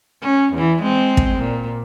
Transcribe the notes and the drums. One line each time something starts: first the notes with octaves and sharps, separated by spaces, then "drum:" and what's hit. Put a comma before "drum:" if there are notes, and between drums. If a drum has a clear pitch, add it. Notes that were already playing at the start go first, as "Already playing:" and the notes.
C#4
E2 E3
G#3 C4
drum: kick
A#2